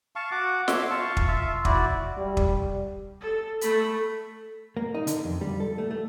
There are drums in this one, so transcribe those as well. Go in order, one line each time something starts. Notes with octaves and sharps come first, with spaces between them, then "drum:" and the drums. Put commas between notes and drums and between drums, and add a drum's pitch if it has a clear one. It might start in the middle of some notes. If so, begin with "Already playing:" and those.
F5 A5 C#6
F#4 F#5 D6
C#5 E5 C6 D6, drum: snare
F5 A5 C#6
drum: kick
F4 E5 F5
E4 F#4 D5, drum: kick
G3
drum: kick
A4
A3 B5, drum: hi-hat
A#3
D#4
D3, drum: hi-hat
F2
G3
A4
A3
A3